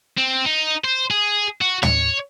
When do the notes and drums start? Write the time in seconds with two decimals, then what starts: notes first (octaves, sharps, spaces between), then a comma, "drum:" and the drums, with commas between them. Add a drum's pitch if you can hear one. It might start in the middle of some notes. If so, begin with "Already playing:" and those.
0.18 C4
0.46 D#4
0.84 C5
1.11 G#4
1.61 F#4
1.83 C#5, drum: tom